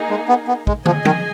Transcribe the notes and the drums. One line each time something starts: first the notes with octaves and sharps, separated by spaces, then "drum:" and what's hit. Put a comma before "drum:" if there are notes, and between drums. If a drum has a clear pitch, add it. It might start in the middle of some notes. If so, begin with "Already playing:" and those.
Already playing: A#3 D#4 G#4
G#3
B3
B3
G#3, drum: kick
F3 G#4 D#5 G#5, drum: tom
D#3, drum: tom F3